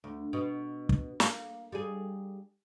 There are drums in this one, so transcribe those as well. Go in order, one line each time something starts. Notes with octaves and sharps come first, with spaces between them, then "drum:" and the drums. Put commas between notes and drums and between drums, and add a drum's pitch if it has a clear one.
D2
B2
drum: kick
A#3, drum: snare
G3 G#4